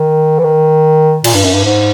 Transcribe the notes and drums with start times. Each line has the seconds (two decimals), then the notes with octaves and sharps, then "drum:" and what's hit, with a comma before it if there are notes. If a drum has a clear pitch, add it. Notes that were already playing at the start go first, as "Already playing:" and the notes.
Already playing: D#3
0.39 E3
0.44 D#3
1.24 A#2, drum: cymbal
1.35 G2
1.45 F#2
1.55 G2
1.65 G#2